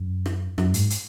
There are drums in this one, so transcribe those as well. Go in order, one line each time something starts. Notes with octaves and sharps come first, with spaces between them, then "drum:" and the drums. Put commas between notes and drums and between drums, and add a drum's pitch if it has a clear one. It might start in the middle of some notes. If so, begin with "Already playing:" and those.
Already playing: F#2
drum: rim click
F#2, drum: rim click
G#2, drum: hi-hat
drum: hi-hat